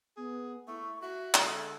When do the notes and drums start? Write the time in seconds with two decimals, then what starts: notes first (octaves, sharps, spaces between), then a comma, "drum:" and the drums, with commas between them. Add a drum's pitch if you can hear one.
0.17 B3 G#4
0.68 A3 E4 C#6
1.02 F#4 E5
1.34 D3 G#3 A4 G#6, drum: clap